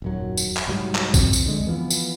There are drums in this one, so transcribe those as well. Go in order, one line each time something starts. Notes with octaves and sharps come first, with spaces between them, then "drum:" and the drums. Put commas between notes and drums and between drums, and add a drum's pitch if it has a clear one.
D#1 F#2 F#3
drum: tambourine
drum: clap
C2 G#2 F#3 G3
drum: clap
F2 C4, drum: kick, tambourine
drum: tambourine
D3 G#3
E3 F3 B3
drum: tambourine